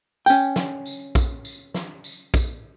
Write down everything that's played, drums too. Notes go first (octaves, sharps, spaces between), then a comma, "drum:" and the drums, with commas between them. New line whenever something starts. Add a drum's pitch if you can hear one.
C#4 G5, drum: tambourine
drum: snare
drum: tambourine
drum: kick, tambourine
drum: tambourine
drum: snare
drum: tambourine
drum: kick, tambourine